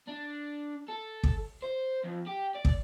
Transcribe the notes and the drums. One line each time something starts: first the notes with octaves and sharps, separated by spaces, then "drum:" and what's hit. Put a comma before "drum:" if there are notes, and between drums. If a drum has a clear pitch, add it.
D4
A4
drum: kick
C5
F2
G4
D5
drum: kick